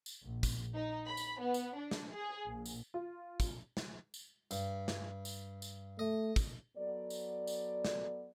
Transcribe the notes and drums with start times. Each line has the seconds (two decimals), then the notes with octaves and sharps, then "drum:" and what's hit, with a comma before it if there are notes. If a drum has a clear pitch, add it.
0.06 drum: tambourine
0.22 A#1
0.43 drum: kick, tambourine
0.74 D#4
1.07 B5
1.17 drum: tambourine
1.40 B3
1.54 drum: tambourine
1.76 D4
1.91 drum: snare
2.12 G#4
2.48 A#1
2.66 drum: tambourine
2.94 F4
3.40 drum: kick, tambourine
3.77 drum: snare
4.14 drum: tambourine
4.51 G2, drum: tambourine
4.88 drum: snare
5.25 drum: tambourine
5.62 drum: tambourine
5.99 A3 D#5
6.36 drum: kick, tambourine
6.77 F#3 B3 A4 D5
7.10 drum: tambourine
7.47 drum: tambourine
7.85 drum: snare